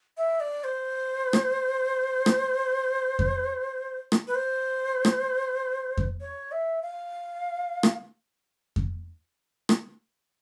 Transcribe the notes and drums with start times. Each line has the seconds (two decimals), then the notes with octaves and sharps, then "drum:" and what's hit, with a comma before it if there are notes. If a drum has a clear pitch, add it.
0.17 E5
0.40 D5
0.64 C5
1.33 drum: rim click
2.26 drum: rim click
3.19 drum: kick F2
4.12 drum: rim click
4.27 B4
4.35 C5
5.05 drum: rim click
5.97 drum: kick F2
6.21 C#5
6.52 E5
6.83 F5
7.83 drum: rim click
8.76 drum: kick F2
9.69 drum: rim click